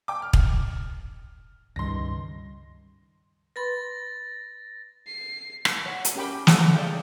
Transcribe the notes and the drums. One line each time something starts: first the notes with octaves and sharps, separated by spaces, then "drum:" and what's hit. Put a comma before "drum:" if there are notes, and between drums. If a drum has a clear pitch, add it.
G5 D6
F6
drum: kick
C#2 G2 D#3 C6 A#6
B4 B5 C6 A6 A#6
C7
drum: rim click
C#5 F#5
drum: hi-hat
C#4 G4 A#4 G5 B5 D6
A4, drum: snare
G#4 D5 E5 F5 G5